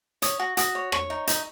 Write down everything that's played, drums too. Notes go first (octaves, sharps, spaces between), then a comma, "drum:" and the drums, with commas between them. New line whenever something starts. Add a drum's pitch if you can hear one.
C#5 D#6, drum: hi-hat
F#4
F#4 D#6, drum: hi-hat
C#5
C#5 C#6, drum: rim click
D#4
D#4, drum: hi-hat